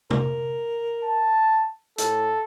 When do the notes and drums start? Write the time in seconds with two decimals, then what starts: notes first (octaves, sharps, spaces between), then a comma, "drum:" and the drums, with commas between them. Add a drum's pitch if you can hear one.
0.11 A#4, drum: tom C3
1.04 A5
1.98 A2 A4, drum: hi-hat